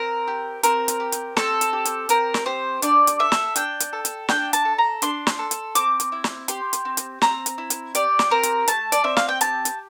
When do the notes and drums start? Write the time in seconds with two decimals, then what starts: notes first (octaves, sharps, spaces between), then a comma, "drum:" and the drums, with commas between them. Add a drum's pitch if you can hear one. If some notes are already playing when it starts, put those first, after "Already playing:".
Already playing: C4 A#4
0.28 G4
0.63 C4 A#4, drum: hi-hat
0.88 drum: hi-hat
1.00 G4
1.12 drum: hi-hat
1.37 C4 A4, drum: snare
1.61 drum: hi-hat
1.73 G4
1.85 drum: hi-hat
2.09 C4 A#4, drum: hi-hat
2.34 drum: snare
2.46 G4 C5
2.82 D4 D5, drum: hi-hat
3.07 drum: hi-hat
3.19 A4 E5
3.32 drum: snare
3.56 D4 G5, drum: hi-hat
3.80 drum: hi-hat
3.93 A4
4.05 drum: hi-hat
4.28 D4 G5, drum: snare
4.53 A5, drum: hi-hat
4.65 A4
4.78 A#5
5.02 D4 C6, drum: hi-hat
5.27 drum: snare
5.39 A4
5.51 drum: hi-hat
5.75 C4 D6, drum: hi-hat
6.00 drum: hi-hat
6.12 E4
6.24 drum: snare
6.48 G4 C6, drum: hi-hat
6.73 drum: hi-hat
6.85 C4
6.97 drum: hi-hat
7.21 C4 A#5, drum: snare
7.46 drum: hi-hat
7.58 E4
7.70 drum: hi-hat
7.95 G4 D5, drum: hi-hat
8.19 drum: snare
8.31 C4 A#4
8.43 drum: hi-hat
8.68 A3 A5, drum: hi-hat
8.92 D5, drum: hi-hat
9.04 C4 E5
9.17 F5, drum: snare
9.29 G5
9.41 G4 A5, drum: hi-hat
9.65 drum: hi-hat